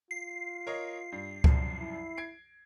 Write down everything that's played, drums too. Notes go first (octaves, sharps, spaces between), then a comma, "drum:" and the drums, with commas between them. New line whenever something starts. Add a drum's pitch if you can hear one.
F4 C7
A#4 C#5 D#5
G2
C2 F#2 F3, drum: kick C#2
E4
G#6 C7 D7